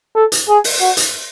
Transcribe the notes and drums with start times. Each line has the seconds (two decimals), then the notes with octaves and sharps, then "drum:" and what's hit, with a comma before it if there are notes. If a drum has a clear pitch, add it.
0.15 A4
0.32 drum: hi-hat
0.49 G#4
0.64 drum: open hi-hat
0.81 F#4
0.97 drum: hi-hat